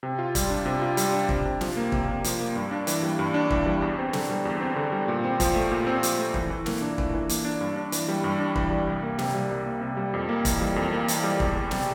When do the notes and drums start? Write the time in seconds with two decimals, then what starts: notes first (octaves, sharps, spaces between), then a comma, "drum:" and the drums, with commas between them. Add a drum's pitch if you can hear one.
0.03 C3
0.19 F4
0.35 G3, drum: kick, hi-hat
0.50 D4
0.66 C3
0.82 F4
0.97 G3, drum: hi-hat
1.13 D4
1.29 C3, drum: kick
1.45 C3
1.61 F3, drum: snare
1.77 A#3
1.92 C3, drum: kick
2.08 C3
2.24 F3, drum: hi-hat
2.40 A#3
2.56 G2
2.71 D4
2.87 E3, drum: hi-hat
3.03 G3
3.19 G2
3.34 D4
3.51 E3, drum: kick
3.66 G3
3.82 E2
3.98 C4
4.13 D3, drum: snare
4.30 G3
4.45 E2
4.60 C4
4.76 D3
4.92 G3
5.08 A#2
5.24 C4
5.40 F3, drum: kick, hi-hat
5.56 A3
5.72 A#2
5.87 C4
6.03 F3, drum: hi-hat
6.18 A3
6.34 E3, drum: kick
6.50 E3
6.66 A#3, drum: snare
6.82 D4
6.98 E3, drum: kick
7.13 E3
7.29 A#3, drum: hi-hat
7.45 D4
7.61 G2
7.76 D4
7.92 E3, drum: hi-hat
8.08 G3
8.24 G2
8.39 D4
8.56 E3, drum: kick
8.71 G3
8.87 C2
9.02 A#3
9.19 C3, drum: snare
9.34 G3
9.51 C2
9.66 A#3
9.81 C3
9.97 G3
10.14 F2
10.29 A#3
10.45 E3, drum: kick, hi-hat
10.61 G3
10.76 F2
10.92 A#3
11.08 E3, drum: hi-hat
11.24 G3
11.40 E2, drum: kick
11.55 E2
11.71 C3, drum: snare